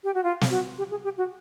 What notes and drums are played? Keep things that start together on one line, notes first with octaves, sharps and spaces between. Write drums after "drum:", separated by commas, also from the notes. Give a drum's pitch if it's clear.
G4
F#4
F4
drum: snare
F#4
G4
G#4
G4
F#4